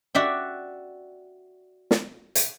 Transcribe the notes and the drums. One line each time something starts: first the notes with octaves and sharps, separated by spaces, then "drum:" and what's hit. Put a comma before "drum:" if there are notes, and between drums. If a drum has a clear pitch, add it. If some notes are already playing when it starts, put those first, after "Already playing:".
F#4 D5 E5 G5
drum: snare
drum: hi-hat